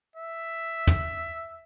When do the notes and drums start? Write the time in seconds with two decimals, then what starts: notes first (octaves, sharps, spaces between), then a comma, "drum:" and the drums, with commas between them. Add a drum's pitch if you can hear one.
0.16 E5
0.87 drum: tom